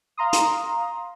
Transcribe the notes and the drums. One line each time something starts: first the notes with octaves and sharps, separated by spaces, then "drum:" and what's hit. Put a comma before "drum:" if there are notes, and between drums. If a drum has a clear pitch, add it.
F5 A#5 C6 D#6
drum: hi-hat